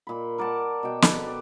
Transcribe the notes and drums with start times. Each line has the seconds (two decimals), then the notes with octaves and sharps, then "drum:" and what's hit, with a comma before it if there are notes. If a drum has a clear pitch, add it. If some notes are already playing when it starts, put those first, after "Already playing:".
0.07 A#2 B5
0.38 A#4 D5 F#5 A5
0.83 B2 G5
1.02 A4 B4, drum: snare
1.26 D5